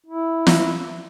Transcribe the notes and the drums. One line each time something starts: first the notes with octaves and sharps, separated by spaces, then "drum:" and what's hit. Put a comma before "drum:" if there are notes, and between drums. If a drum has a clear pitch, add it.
E4
drum: snare